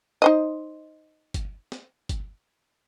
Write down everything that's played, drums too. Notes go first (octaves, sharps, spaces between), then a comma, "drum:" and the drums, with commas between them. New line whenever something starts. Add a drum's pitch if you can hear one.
D#4 C5 D#5
drum: kick, hi-hat
drum: snare
drum: kick, hi-hat